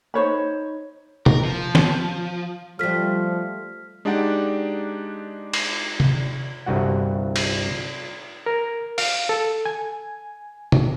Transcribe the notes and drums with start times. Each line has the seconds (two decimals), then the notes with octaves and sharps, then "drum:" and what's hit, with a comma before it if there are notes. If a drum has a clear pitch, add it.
0.14 D#4 C5 C#5 B5
1.26 A#4, drum: tom B2
1.45 F3
1.75 drum: snare
2.79 F3 G3 A3 F6 B6
4.05 G#3 D4 D#4 G4 D5 F#5
5.53 drum: cymbal
6.00 drum: tom C3
6.66 G1 C2 G2 F#4 F#5
7.36 drum: cymbal
8.46 A#4
8.98 F5, drum: open hi-hat
9.29 A4
9.66 G#5
10.72 drum: tom B2